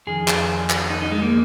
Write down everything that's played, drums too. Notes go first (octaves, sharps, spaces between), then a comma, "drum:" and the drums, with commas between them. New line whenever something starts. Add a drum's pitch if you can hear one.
F2 D#3 G#4
drum: clap
drum: clap
D#4
D#4
G#3
A#3